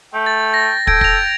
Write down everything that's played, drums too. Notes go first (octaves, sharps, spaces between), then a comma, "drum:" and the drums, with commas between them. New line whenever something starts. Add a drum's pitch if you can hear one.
A3 G5
A6
A#6
A4 G5 G#6 D7, drum: kick
A#6 F7, drum: kick